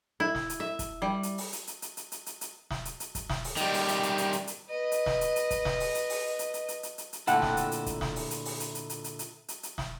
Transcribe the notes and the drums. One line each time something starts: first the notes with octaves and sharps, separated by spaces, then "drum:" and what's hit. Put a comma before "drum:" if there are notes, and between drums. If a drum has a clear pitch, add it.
E4
drum: snare
drum: hi-hat
E5
drum: kick, hi-hat
G3
drum: hi-hat
drum: open hi-hat
drum: hi-hat
drum: hi-hat
drum: hi-hat
drum: hi-hat
drum: hi-hat
drum: hi-hat
drum: hi-hat
drum: snare
drum: hi-hat
drum: hi-hat
drum: kick, hi-hat
drum: snare
drum: open hi-hat
D#3 G3, drum: hi-hat
drum: open hi-hat
drum: hi-hat
drum: hi-hat
drum: hi-hat
drum: hi-hat
drum: hi-hat
B4 D#5
drum: hi-hat
drum: snare
drum: hi-hat
drum: hi-hat
drum: kick, hi-hat
drum: snare
drum: open hi-hat
drum: hi-hat
drum: open hi-hat
drum: hi-hat
drum: hi-hat
drum: hi-hat
drum: hi-hat
drum: hi-hat
drum: hi-hat
A#2 D3 A3 E4 F#5 G5, drum: hi-hat
drum: snare
drum: hi-hat
drum: hi-hat
drum: kick, hi-hat
drum: snare
drum: open hi-hat
drum: hi-hat
drum: open hi-hat
drum: hi-hat
drum: hi-hat
drum: hi-hat
drum: hi-hat
drum: hi-hat
drum: hi-hat
drum: hi-hat
drum: snare